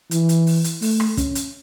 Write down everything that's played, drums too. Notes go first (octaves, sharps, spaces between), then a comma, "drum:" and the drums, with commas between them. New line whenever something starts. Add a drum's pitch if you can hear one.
E3, drum: hi-hat
drum: hi-hat
drum: open hi-hat
drum: hi-hat
A3, drum: open hi-hat
drum: rim click
C#4, drum: kick, hi-hat
drum: hi-hat